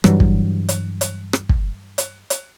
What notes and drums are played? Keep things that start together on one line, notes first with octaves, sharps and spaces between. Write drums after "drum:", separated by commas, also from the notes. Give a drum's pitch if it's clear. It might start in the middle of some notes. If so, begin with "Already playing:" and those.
G2 E3 F#3 G3, drum: rim click
drum: kick
drum: hi-hat
drum: hi-hat
drum: rim click
drum: kick
drum: hi-hat
drum: hi-hat